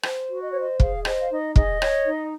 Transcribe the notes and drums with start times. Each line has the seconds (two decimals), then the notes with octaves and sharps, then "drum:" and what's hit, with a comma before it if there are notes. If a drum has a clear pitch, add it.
0.03 C5, drum: rim click
0.29 F#4
0.41 D#5
0.50 C5 C#5
0.60 D#5
0.80 G#4 F5, drum: kick
1.05 C5 D#5, drum: rim click
1.20 F5
1.31 D#4 D#5
1.56 G#4 D#5, drum: kick
1.82 C#5, drum: rim click
2.07 D#4